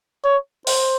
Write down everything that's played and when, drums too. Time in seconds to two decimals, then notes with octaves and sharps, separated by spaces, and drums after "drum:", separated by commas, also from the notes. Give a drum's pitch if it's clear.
0.24 C#5
0.67 C5, drum: open hi-hat